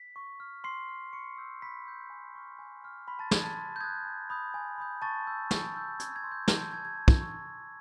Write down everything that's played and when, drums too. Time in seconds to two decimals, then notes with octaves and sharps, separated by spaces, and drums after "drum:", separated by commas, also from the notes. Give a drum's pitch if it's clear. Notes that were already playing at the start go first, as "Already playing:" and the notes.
Already playing: B6
0.16 C#6
0.40 F6
0.64 C6 C#6 C7
0.89 F6
1.13 B5 C#6 C#7
1.37 E6 G6
1.62 B5 B6
1.86 E6 G6
2.10 G#5
2.35 C#6 F6
2.59 G#5
2.84 C#6 F6
3.08 B5 C6 B6
3.19 A5 A6
3.31 D#6 F#6 G#6, drum: snare
3.44 A5 A6
3.57 C6
3.76 G6
3.81 D#6 F#6 G#6
4.05 G#5
4.30 B5 D#6 G6
4.54 G#5
4.78 B5 D#6 G6
5.02 A5 C#6 A6
5.27 E6 G6
5.51 C#6, drum: snare
5.75 E6 G6
6.00 A5 G#6, drum: hi-hat
6.16 G#6
6.23 C6 E6
6.32 G6
6.48 A5 G#6, drum: snare
6.61 G6
6.73 C6 E6 G#6
6.85 G#6
6.97 A5
7.08 drum: kick
7.21 C#6 E6 G6
7.45 A5